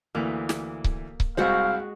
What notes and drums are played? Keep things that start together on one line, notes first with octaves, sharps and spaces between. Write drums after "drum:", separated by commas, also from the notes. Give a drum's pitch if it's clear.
D2 E3 A#3
drum: snare
drum: kick C#1
drum: kick C#1
C2 G#3 F#4 C5 F5 F#5